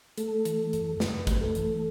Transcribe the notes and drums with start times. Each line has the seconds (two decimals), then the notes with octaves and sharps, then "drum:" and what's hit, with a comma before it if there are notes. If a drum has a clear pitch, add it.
0.18 A3 A4, drum: hi-hat
0.45 E3, drum: hi-hat
0.73 F#2, drum: hi-hat
1.00 F#2 B4, drum: snare
1.27 A3, drum: kick, hi-hat
1.41 A4
1.55 E3, drum: hi-hat